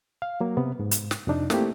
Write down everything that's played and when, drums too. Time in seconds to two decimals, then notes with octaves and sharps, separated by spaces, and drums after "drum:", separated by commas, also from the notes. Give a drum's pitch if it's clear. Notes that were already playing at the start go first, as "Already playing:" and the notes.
0.22 F5
0.41 F#3 A#3
0.57 C3 B3
0.79 G#2
0.91 drum: hi-hat
1.11 drum: snare
1.27 F2 C3 D4 D#4
1.50 A3 A#3 C4 E4 G4, drum: snare